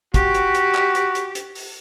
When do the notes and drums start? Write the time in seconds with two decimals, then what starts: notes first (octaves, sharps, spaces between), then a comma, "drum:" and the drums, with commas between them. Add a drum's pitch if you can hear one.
0.14 F#4 G4, drum: kick, hi-hat
0.34 drum: hi-hat
0.55 drum: hi-hat
0.75 drum: clap
0.95 drum: hi-hat
1.15 drum: hi-hat
1.35 drum: hi-hat
1.55 drum: open hi-hat